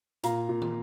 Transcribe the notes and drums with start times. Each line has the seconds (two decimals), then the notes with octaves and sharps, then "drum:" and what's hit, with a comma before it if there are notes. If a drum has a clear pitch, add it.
0.23 A#2 F5 A#5, drum: hi-hat
0.49 A#2
0.62 drum: tom